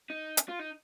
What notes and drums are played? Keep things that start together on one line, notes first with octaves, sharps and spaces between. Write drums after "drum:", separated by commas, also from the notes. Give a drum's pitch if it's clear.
D#4
drum: hi-hat
F4
D#4